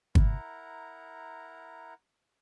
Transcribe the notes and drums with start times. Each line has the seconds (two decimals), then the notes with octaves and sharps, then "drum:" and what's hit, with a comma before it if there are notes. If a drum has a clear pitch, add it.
0.15 E4 A#4 F#5 A#5, drum: kick